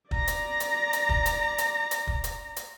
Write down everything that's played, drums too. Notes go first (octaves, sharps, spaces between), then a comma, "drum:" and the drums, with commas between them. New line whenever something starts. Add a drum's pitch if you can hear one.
D5 A#5, drum: kick
drum: hi-hat
drum: hi-hat
drum: hi-hat
drum: kick
drum: hi-hat
drum: hi-hat
drum: hi-hat
drum: kick
drum: hi-hat
drum: hi-hat